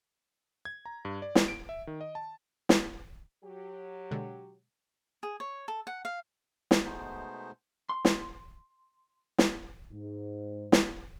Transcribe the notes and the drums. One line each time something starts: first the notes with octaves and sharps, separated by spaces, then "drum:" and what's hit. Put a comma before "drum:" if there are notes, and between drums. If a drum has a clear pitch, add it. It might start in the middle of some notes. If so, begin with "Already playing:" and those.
G#6
A#5
G2
D5
drum: snare
D7
E5
D#3
D#5
A5
drum: snare
F#3 G4
B2 D3 G#3
G#4
C#5
A4
F#5
F5
drum: snare
B2 G#3 A3 B3 D#4 C5
C6
drum: snare
drum: snare
G#2
drum: snare